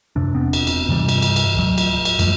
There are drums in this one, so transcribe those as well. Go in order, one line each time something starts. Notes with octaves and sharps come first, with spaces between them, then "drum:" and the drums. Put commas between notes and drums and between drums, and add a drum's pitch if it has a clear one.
F#2 C3 D4
E1 B3 C4 D4
drum: cymbal
drum: cymbal
G2 C3 E3 G3
drum: cymbal
drum: cymbal
drum: cymbal
D1 F#3
drum: cymbal
drum: cymbal
F#2 F3 G3 A3, drum: cymbal